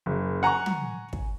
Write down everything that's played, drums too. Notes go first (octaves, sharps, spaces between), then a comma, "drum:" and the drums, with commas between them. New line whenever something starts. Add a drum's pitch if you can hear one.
F#1
F#5 G#5 A#5 C#6
drum: tom
drum: kick